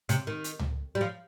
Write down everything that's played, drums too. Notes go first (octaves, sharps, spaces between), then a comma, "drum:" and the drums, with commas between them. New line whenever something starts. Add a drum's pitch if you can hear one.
C3, drum: hi-hat
D#3
drum: hi-hat
drum: tom C#2
G3
F3